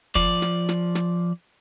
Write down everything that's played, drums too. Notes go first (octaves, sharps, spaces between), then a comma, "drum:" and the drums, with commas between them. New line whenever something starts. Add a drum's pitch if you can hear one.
F3 D5, drum: kick
drum: snare
drum: snare
drum: snare